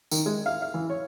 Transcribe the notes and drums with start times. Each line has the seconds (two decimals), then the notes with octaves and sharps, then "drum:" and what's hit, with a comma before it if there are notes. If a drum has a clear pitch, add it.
0.11 D#3, drum: tambourine
0.26 G#3
0.46 F5
0.62 F5
0.74 E3
0.90 C#5